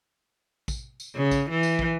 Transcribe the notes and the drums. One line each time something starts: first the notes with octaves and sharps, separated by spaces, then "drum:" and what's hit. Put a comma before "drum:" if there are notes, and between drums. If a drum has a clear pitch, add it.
drum: kick, tambourine
drum: tambourine
C#3
drum: kick, tambourine
E3
drum: tambourine
drum: kick